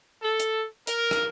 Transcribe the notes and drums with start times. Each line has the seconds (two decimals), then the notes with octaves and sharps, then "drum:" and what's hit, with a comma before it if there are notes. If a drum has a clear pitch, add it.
0.22 A4
0.40 drum: hi-hat
0.87 A#4, drum: hi-hat
1.11 drum: rim click